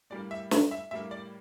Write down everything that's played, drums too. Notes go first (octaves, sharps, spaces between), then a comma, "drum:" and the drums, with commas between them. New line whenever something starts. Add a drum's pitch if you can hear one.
A2 G3 A#3 D5
E5
E5, drum: snare
E5
A2 G3 A#3 E5
D5